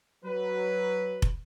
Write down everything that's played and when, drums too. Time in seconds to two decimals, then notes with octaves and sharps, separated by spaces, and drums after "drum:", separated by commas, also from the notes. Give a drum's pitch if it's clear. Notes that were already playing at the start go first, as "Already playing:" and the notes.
0.25 F#3 B4
1.22 drum: kick